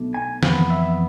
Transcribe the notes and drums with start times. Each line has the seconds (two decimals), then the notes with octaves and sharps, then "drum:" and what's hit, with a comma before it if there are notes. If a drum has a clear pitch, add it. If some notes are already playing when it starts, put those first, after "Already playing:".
Already playing: B1 B2 A3 D4
0.14 G#5
0.43 F2 E3 B3 F5, drum: snare
0.70 E5